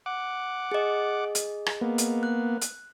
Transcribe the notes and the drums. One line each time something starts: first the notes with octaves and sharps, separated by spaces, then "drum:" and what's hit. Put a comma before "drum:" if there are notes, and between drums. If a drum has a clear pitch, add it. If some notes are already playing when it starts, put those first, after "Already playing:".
F#5 D6
G#4 D#5
drum: hi-hat
drum: rim click
A#3 B3
drum: hi-hat
F#6
drum: hi-hat